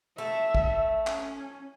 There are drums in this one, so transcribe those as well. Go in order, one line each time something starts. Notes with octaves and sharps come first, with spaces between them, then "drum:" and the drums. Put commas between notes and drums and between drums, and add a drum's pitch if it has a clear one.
A3 E5
drum: kick
C#4, drum: clap